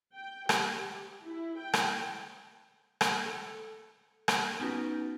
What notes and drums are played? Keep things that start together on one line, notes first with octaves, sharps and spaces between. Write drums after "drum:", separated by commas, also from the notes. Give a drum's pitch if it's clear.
G5
G4, drum: rim click
E4
G5
drum: rim click
drum: rim click
A4
drum: rim click
B3 C#4 D#4 F#4 B4